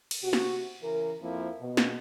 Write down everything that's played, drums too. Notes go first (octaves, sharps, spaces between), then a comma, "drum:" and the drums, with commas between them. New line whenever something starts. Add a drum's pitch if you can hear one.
drum: cymbal
C3 F#4
drum: snare
C#3 E3 A#4
F2 F3 A#3 C4 E4
B2
drum: snare